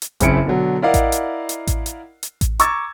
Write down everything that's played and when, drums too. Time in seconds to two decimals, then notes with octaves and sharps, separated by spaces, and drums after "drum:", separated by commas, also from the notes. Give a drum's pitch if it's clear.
0.02 drum: hi-hat
0.20 F#1 C#3 C4 E4 C#7 D7, drum: kick A1, hi-hat
0.46 B2 D3 F#3
0.82 E4 A#4 D5 D#5 F5 F#5
0.94 drum: kick A1, hi-hat
1.12 drum: hi-hat
1.49 drum: hi-hat
1.67 drum: kick A1, hi-hat
1.86 drum: hi-hat
2.23 drum: hi-hat
2.41 drum: kick A1, hi-hat
2.59 A#5 C#6 D6 E6 G#6 A6, drum: hi-hat